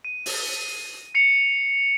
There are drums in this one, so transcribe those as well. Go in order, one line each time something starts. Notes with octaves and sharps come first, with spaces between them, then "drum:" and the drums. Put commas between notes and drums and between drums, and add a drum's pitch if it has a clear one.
D#7
drum: open hi-hat
C7 C#7 F7